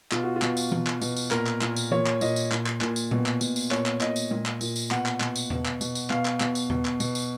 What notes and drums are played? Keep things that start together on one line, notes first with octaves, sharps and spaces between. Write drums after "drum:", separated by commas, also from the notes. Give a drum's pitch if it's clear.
B2 F4, drum: clap
F#4
F4
B2, drum: clap
drum: tambourine
B2, drum: tom E3
drum: clap
B2, drum: tambourine
drum: tambourine
A#2 A#4, drum: clap
drum: clap
A#2, drum: clap
drum: tambourine
A#2 C#5, drum: tom E3
drum: clap
A#2 D#5, drum: tambourine
drum: tambourine
A#2, drum: clap
drum: clap
A#2, drum: clap
drum: tambourine
B2, drum: tom A#2
drum: clap
B2, drum: tambourine
drum: tambourine
A#2 C#5, drum: clap
drum: clap
A#2 D#5, drum: clap
drum: tambourine
A#2, drum: tom G#3
drum: clap
A#2, drum: tambourine
drum: tambourine
B2 F#5, drum: clap
drum: clap
B2, drum: clap
drum: tambourine
B2, drum: tom E2
drum: clap
B2, drum: tambourine
drum: tambourine
B2 F5, drum: clap
drum: clap
B2, drum: clap
drum: tambourine
B2, drum: tom E2
drum: clap
B2, drum: tambourine
drum: tambourine